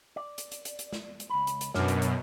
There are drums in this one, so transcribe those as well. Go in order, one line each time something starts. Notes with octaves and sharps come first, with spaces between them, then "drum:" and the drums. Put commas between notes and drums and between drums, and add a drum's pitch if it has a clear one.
D5
drum: hi-hat
drum: hi-hat
drum: hi-hat
drum: hi-hat
drum: snare
drum: hi-hat
C#2 B5
drum: hi-hat
drum: hi-hat
F#2 B2 D4 A#4 C#5, drum: snare
drum: hi-hat
drum: hi-hat